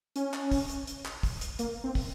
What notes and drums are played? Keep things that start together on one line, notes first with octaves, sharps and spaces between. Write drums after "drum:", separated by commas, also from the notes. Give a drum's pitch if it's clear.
C#4, drum: hi-hat
drum: clap
drum: kick, open hi-hat
drum: hi-hat
drum: hi-hat
drum: clap
drum: kick, open hi-hat
drum: hi-hat
A#3, drum: hi-hat
C4
drum: kick, open hi-hat